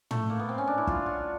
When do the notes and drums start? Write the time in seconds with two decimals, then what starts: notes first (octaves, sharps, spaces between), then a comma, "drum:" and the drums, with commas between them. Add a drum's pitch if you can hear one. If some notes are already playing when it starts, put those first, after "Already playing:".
0.11 A3, drum: tom
0.30 A#3
0.39 B3
0.49 C4
0.58 C#4
0.67 D4
0.78 E4
0.87 F4, drum: kick
1.06 F#4